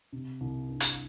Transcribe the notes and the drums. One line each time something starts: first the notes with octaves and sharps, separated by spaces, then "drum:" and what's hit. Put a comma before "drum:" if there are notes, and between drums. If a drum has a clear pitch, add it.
C3
C2
G2
drum: hi-hat